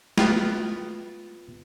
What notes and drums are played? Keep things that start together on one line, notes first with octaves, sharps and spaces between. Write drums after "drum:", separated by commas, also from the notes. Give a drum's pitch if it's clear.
B3 F4, drum: snare